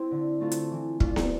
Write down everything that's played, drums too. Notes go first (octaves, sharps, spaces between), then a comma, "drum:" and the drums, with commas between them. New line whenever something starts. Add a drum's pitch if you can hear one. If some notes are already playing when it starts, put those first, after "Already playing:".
Already playing: C4 E4
D3
A3 C4 F4
drum: hi-hat
E3
A3 D4 F4, drum: kick
drum: snare B3